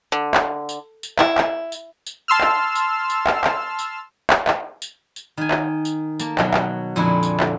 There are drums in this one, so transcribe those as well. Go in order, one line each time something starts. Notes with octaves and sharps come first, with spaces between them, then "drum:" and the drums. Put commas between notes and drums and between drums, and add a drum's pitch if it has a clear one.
D3
drum: clap
drum: tambourine
drum: tambourine
E4, drum: clap
drum: clap
drum: tambourine
drum: tambourine
A5 C6 E6 F6
drum: clap
drum: tambourine
drum: tambourine
drum: clap
drum: clap
drum: tambourine
drum: clap
drum: clap
drum: tambourine
drum: tambourine
D#3 G#5
drum: clap
drum: tambourine
A#3 A5, drum: tambourine
B2 F#3, drum: clap
drum: clap
F2 A#2 D3 G#3 E4
drum: tambourine
drum: clap